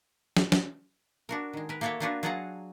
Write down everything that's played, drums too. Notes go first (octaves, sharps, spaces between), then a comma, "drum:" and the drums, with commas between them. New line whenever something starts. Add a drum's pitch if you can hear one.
drum: snare
drum: snare
D4 F#4 A#4
D#3 G#3
A#4 B4
A#3 F#4 A4 C#5 D5 E5
A#3 B3 D4 F4 F#4 B4
F#3 F4 G#4 F#5 A5 A#5